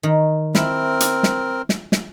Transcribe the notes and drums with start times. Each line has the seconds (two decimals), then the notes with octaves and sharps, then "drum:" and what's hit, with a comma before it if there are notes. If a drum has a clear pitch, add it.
0.03 D#3
0.55 C4 E4 A#4, drum: snare
1.00 drum: hi-hat
1.23 drum: snare
1.69 drum: snare
1.92 drum: snare